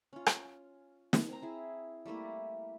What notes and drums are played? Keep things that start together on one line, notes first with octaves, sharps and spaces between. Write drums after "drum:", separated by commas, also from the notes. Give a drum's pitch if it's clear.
C#4 F4
drum: rim click
drum: snare
C4 A#5
E4 G#4
G3 A3 A#3 E4